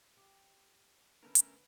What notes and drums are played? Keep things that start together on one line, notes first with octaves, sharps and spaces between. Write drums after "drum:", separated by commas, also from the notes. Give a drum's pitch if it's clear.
G4
D3 A3 B3 C#4 A#4 B4
drum: hi-hat